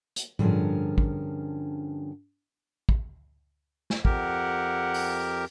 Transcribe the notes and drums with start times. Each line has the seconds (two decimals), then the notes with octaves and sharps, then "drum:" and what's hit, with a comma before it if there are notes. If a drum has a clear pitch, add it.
0.16 drum: hi-hat
0.39 G2 D3 F3 C#4 G#4 A#4, drum: tom A2
0.98 drum: kick
2.89 drum: kick
3.90 drum: snare
4.05 F2 G4 A#4 F#5, drum: kick
4.94 drum: open hi-hat